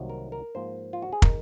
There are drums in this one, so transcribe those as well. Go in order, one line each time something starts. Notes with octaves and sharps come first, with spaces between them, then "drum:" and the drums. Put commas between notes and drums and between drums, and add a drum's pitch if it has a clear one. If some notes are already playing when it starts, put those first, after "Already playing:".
Already playing: C2 C3 D#3 F#3 A#3
A#4
A#4
G#2 F3 A#3 C5
F4
F#4
G#4
D#3 G#3 A#4, drum: kick